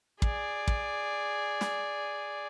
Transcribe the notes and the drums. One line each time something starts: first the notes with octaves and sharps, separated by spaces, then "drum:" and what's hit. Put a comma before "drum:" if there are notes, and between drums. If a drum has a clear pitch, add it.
G#4 D5, drum: kick
drum: kick
drum: snare